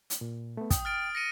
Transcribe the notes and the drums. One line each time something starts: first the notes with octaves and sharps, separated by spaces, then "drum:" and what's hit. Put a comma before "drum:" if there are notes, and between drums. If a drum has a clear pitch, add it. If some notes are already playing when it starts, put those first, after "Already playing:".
drum: hi-hat
A#2
A3 B3
G5 D#6, drum: kick, hi-hat
F6 A6 D7
A#6 C#7 D#7